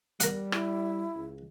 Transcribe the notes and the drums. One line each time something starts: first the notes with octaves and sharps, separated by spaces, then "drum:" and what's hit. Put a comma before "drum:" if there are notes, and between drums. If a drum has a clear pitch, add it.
G3 A#4 F#5, drum: hi-hat
E4, drum: rim click
C#2